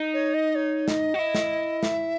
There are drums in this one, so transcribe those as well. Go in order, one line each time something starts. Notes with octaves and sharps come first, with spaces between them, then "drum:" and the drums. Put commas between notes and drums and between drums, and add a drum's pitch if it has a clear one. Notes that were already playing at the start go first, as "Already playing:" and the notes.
Already playing: D#4
C#5
D#5
C#5
D#5, drum: snare
F#4
E4
drum: snare
E5, drum: snare